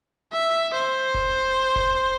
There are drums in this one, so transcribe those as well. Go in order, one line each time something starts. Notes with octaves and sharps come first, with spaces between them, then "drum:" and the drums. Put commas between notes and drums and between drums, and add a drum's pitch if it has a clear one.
E5
C5
drum: kick F1
drum: kick F1